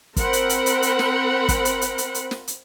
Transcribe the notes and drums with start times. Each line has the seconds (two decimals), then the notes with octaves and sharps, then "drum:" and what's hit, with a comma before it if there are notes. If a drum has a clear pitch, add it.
0.16 C4 A#4 C5 F#5 B5, drum: kick, hi-hat
0.33 drum: hi-hat
0.49 drum: hi-hat
0.66 drum: hi-hat
0.82 drum: hi-hat
0.99 drum: snare
1.48 drum: kick, hi-hat
1.65 drum: hi-hat
1.82 drum: hi-hat
1.98 drum: hi-hat
2.15 drum: hi-hat
2.31 drum: snare
2.48 drum: hi-hat